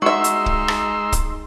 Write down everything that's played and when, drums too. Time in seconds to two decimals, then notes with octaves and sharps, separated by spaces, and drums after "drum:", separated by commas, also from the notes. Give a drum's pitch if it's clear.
0.02 G#3 D#4 F#4 E5 C6 E6
0.24 drum: hi-hat
0.46 drum: kick
0.68 drum: rim click
1.12 drum: kick, hi-hat